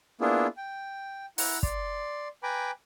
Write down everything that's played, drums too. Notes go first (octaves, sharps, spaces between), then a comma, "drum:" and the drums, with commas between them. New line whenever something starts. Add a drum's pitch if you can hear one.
A#3 B3 D4 E4 F4 G#4
G5
E4 F#5 A#5, drum: open hi-hat
D5 C6, drum: kick
B4 G5 G#5 A#5 B5 D6